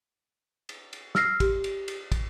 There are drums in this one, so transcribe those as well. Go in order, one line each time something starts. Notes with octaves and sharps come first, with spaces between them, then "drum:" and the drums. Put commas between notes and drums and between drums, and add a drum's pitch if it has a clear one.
drum: cymbal
drum: cymbal
E6 F6 A#6 C7, drum: snare
G4, drum: kick, cymbal
drum: cymbal
drum: cymbal
drum: kick, cymbal